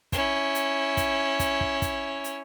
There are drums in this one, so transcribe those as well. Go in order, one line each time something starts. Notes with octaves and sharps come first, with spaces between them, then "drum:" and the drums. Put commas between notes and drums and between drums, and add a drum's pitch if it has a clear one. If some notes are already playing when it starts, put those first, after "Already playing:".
C#4 E4, drum: kick, hi-hat
drum: hi-hat
drum: kick, hi-hat
drum: kick, hi-hat
drum: kick
drum: kick, hi-hat
drum: hi-hat